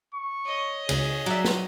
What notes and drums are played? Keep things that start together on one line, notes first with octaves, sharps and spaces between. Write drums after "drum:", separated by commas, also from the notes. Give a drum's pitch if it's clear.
C#6
C#5 D#5
C#2 C#3 G#4, drum: cymbal
F#3 D5 E5
drum: snare